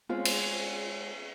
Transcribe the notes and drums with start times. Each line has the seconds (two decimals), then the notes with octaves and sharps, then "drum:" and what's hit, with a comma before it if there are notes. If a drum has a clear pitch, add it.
0.09 G#3 C4 C#4 F4
0.25 drum: cymbal